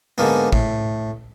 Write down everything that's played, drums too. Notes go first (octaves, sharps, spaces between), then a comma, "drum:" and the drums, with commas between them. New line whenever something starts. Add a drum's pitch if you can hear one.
G#2 D3 A#3 B3
A2, drum: kick